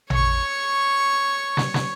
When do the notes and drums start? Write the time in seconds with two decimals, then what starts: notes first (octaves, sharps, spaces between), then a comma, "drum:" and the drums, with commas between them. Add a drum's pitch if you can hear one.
0.10 C#5 C#6, drum: tom A1
1.57 drum: snare
1.74 drum: snare